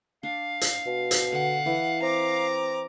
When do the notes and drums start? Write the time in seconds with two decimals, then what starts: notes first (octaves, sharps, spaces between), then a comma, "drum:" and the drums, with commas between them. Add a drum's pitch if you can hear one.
0.23 D4 F5
0.61 drum: hi-hat
0.86 B2
1.11 drum: hi-hat
1.32 D3 F#5
1.66 E3
2.02 C4 A#5 D6